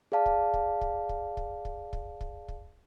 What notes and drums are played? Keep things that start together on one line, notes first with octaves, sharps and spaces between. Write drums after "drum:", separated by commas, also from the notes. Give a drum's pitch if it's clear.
G#4 D5 F5 A5
drum: kick
drum: kick
drum: kick
drum: kick
drum: kick
drum: kick
drum: kick
drum: kick
drum: kick